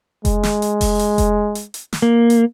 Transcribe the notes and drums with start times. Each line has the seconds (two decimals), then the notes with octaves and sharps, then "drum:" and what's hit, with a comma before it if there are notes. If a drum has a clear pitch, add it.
0.25 G#3, drum: kick F1, hi-hat
0.43 drum: snare
0.62 drum: hi-hat
0.81 drum: kick F1, open hi-hat
0.99 drum: hi-hat
1.18 drum: kick F1, hi-hat
1.55 drum: hi-hat
1.74 drum: hi-hat
1.93 drum: snare
2.02 A#3
2.30 drum: hi-hat